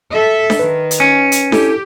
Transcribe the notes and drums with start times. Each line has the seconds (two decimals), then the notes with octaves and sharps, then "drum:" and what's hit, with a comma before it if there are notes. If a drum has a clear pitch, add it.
0.12 A4 E5
0.50 drum: snare D4
0.59 D#3 B4
0.91 drum: hi-hat
1.00 C#4
1.32 drum: hi-hat
1.52 E4 G4 A4, drum: snare D4